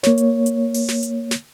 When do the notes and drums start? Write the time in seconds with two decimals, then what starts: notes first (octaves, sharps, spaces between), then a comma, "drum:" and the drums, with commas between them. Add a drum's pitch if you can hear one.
0.03 A#3 C#5, drum: snare
0.18 drum: hi-hat
0.46 drum: hi-hat
0.74 drum: open hi-hat
0.88 drum: snare
1.03 drum: hi-hat
1.31 drum: snare